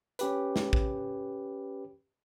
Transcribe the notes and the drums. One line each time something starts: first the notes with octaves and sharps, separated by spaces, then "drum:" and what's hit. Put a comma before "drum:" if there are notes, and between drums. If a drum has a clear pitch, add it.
C#4 G4 B4, drum: hi-hat
drum: snare
drum: kick